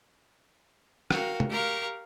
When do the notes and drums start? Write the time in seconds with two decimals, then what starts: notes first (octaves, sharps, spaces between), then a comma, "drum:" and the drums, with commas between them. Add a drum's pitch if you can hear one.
1.10 F#4 A#4 F5 G5, drum: rim click
1.40 drum: tom
1.50 G4 A#4 F5 A#5 C#6